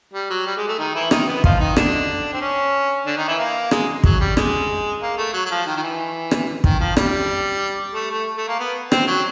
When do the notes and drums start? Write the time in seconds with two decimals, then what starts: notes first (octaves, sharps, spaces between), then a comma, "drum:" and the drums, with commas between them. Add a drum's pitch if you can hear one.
0.13 G3
0.30 F#3
0.46 G3
0.57 G#3
0.68 A3
0.78 D#3 D#4
0.95 E3 E4
1.11 D#3 D#4, drum: rim click
1.28 B3
1.36 E4
1.44 F3 F4, drum: kick
1.60 D#3 D#4
1.77 D3 D4, drum: rim click
2.33 C4
2.41 C#4
3.06 D3 D4
3.17 D#3 D#4
3.28 E3 E4
3.39 A#3
3.71 G#3, drum: rim click
4.04 F#3, drum: kick
4.21 G3
4.37 G#3, drum: rim click
5.02 A#3
5.17 A3
5.34 F#3
5.46 F#3
5.51 F3
5.66 D#3
5.76 D#3
5.82 E3
6.31 drum: rim click
6.64 D#3, drum: kick
6.80 F3
6.97 G3, drum: rim click
7.94 A3
8.11 A3
8.37 A3
8.48 A#3
8.59 B3
8.92 C4, drum: rim click
9.08 F#3